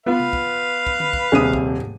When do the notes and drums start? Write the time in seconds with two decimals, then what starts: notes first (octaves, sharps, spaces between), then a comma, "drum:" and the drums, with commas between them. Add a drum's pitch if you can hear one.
0.06 B3 F4 B4 F5
0.20 drum: tom C3
0.33 drum: kick
0.87 drum: kick
1.00 drum: tom D3
1.13 drum: kick
1.32 D#1 C3 G#4 D#6 D#7
1.54 drum: kick
1.80 drum: tom